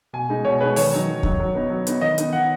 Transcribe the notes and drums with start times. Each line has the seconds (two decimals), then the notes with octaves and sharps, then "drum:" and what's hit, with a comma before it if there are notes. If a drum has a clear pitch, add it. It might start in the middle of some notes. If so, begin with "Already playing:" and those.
0.13 B2 G#5
0.29 G#3 D#4
0.45 B2 C#5
0.61 G#3 D#4 B4
0.76 D#3 C#5, drum: open hi-hat
0.93 F#3 D#4
1.08 D#3
1.23 F#3 D#4, drum: kick
1.40 F#3
1.55 B3 D#4
1.70 F#3
1.87 B3 D#4, drum: hi-hat
2.01 D#3 D#5
2.18 B3 D#4, drum: hi-hat
2.33 D#3 F#5